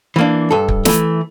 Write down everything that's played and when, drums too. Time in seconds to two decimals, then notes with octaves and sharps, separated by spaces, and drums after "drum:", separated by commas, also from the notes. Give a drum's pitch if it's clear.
0.16 E3 A#3 D4
0.51 G2 A4
0.69 drum: kick
0.85 E3 A3, drum: snare